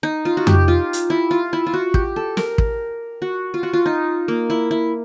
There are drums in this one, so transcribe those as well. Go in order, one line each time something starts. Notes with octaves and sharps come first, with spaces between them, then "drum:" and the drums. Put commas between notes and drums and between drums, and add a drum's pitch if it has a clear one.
D#4
F4
F#4
G4, drum: tom F2
F4
drum: hi-hat
E4
F4
E4
F4
F#4
G4, drum: kick
A4
A#4, drum: snare
drum: kick
F#4
F4
F#4
F4
D#4
A#3
E4
E4